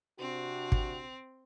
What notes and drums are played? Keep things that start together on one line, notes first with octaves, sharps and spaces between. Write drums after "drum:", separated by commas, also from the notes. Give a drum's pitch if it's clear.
C3 C4 D4 F#4
drum: kick